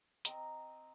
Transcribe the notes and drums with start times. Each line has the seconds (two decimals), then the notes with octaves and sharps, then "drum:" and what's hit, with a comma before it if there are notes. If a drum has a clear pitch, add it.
0.25 C4 D#5 A#5, drum: hi-hat